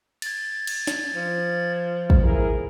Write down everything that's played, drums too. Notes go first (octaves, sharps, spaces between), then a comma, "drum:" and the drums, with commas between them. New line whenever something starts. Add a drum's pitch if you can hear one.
G#6 A6, drum: cymbal
drum: cymbal
drum: snare
F3
drum: kick
E4 G#4 A#4